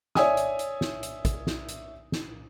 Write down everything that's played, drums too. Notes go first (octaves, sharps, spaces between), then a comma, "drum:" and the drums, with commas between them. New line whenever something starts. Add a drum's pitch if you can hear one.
C#5 D5 E5 G#5 D#6, drum: snare
drum: hi-hat
drum: hi-hat
drum: snare
drum: hi-hat
drum: kick, hi-hat
drum: snare
drum: hi-hat
drum: snare